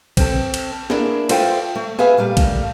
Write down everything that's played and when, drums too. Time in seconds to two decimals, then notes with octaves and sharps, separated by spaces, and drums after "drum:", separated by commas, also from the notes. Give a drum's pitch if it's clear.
0.17 C4 A4, drum: kick A#1, cymbal
0.54 drum: cymbal
0.90 A#3 D4 E4 G#4, drum: snare
1.29 F4 A4 C5 E5 F5 G5, drum: cymbal
1.75 A3
1.99 G#4 B4 E5 F5 G#5, drum: snare
2.17 A#2 G3 A3 F5
2.37 drum: kick A#1, cymbal